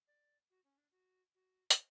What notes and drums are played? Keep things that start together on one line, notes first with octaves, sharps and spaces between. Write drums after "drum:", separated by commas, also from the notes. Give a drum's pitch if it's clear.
D5
F#4
C#4
D4
F#4
F#4
C#4, drum: hi-hat